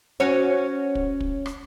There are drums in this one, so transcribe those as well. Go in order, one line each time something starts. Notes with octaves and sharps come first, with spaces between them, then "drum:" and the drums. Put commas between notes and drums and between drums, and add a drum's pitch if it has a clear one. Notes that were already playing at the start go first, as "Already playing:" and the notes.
C#4 F#4 C#5
drum: kick
drum: kick
drum: rim click